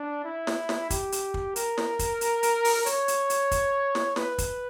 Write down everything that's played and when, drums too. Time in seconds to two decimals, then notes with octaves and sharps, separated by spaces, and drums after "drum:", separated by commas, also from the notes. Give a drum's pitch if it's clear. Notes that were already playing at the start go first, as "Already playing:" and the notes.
Already playing: D4
0.25 E4
0.47 drum: snare
0.69 drum: snare
0.90 G4, drum: kick, hi-hat
1.12 drum: hi-hat
1.34 drum: kick
1.56 A#4, drum: hi-hat
1.78 drum: snare
1.99 drum: kick, hi-hat
2.21 drum: hi-hat
2.43 drum: hi-hat
2.65 drum: open hi-hat
2.86 C#5, drum: hi-hat
3.08 drum: hi-hat
3.30 drum: hi-hat
3.51 drum: kick, hi-hat
3.95 drum: snare
4.16 B4, drum: snare
4.38 drum: kick, hi-hat